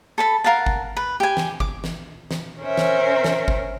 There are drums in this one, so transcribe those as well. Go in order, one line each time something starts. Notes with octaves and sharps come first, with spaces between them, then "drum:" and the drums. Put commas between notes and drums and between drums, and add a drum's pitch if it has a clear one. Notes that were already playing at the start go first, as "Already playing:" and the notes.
A4 A5 B5
A#4 F5 F#5 A5
drum: kick G1
B4
G4 G#5
drum: snare
D6, drum: kick G1
drum: snare
drum: snare
C#4 A#4 C5 E5
drum: snare
drum: snare
drum: kick G1